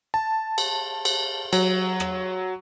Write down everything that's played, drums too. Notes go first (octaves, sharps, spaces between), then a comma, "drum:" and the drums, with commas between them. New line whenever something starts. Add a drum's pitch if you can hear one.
A5
drum: cymbal
drum: cymbal
F#3, drum: cymbal
drum: rim click